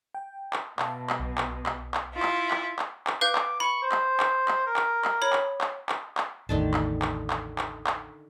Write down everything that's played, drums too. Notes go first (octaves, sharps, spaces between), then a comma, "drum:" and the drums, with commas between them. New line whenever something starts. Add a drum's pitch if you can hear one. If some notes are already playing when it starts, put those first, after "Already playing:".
G5
drum: clap
B2 E5 F5 A5, drum: clap
drum: clap
B1
drum: clap
drum: clap
drum: clap
E4 F4
drum: clap
drum: clap
drum: clap
drum: clap
B4 F5 D6 G6
drum: clap
B5 C#6
C5
drum: clap
drum: clap
drum: clap
A#4
drum: clap
drum: clap
C#5 B5
drum: clap
drum: clap
drum: clap
drum: clap
A1 E2 A2 D3 D#3 A5
drum: clap
drum: clap
drum: clap
drum: clap
drum: clap